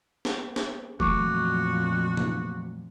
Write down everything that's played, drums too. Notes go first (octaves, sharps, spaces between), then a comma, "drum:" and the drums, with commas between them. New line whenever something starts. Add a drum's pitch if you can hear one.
drum: snare
drum: snare
F2 A#2 E3 F#3 A3 F#4 C#6 D6, drum: kick
drum: tom C3